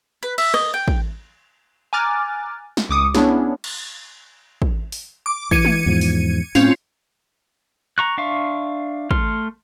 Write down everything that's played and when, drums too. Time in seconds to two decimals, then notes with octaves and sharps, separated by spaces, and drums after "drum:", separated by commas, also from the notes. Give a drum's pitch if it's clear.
0.23 B4
0.38 E5, drum: cymbal
0.54 D#5, drum: rim click
0.74 G5
0.88 drum: kick
1.93 G#5 A#5 D6 F6 F#6 A6
2.77 drum: snare
2.89 C#2 D6 D#6 C#7
3.15 B3 C#4 D4 E4 G#4 C#5, drum: snare
3.64 drum: cymbal
4.62 drum: kick
4.92 drum: open hi-hat
5.26 D6
5.51 E3 G#6 C#7 D#7, drum: kick
5.65 drum: tom G#3
5.86 E2 G#2 F3
6.01 drum: open hi-hat
6.55 A2 C4 C#4 F4, drum: open hi-hat
7.98 A#5 C#6 F#6
8.18 D4 E5 F5 C6 C#6
9.11 A3 C6 F6, drum: kick